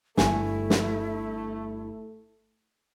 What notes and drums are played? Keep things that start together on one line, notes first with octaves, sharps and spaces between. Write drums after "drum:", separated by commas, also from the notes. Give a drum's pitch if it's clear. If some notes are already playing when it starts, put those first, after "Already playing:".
G1 G2 A3 E4 G#5 C#6, drum: snare
drum: snare